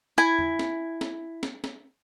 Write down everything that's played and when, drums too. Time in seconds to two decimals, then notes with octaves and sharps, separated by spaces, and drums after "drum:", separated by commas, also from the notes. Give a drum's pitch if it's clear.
0.18 E4 G#5
0.39 drum: tom
0.59 drum: snare
1.01 drum: snare
1.43 drum: snare
1.64 drum: snare